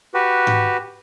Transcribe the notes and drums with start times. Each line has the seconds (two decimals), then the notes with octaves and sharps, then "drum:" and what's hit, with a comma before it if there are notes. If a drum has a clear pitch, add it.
0.14 F#4 G4 B4
0.47 drum: tom G#2